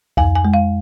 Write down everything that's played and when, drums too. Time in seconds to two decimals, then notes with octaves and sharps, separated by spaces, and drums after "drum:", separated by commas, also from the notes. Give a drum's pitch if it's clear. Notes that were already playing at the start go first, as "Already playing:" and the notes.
0.17 F2 G#5, drum: kick C#2
0.35 G#5
0.45 G#3
0.54 F5